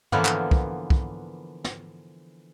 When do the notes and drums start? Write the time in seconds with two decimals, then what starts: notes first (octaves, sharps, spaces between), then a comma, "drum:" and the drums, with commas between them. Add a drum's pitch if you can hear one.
0.12 D3 E3 F3 A#3 B3, drum: tom
0.25 drum: clap
0.51 drum: kick
0.90 drum: kick
1.64 drum: snare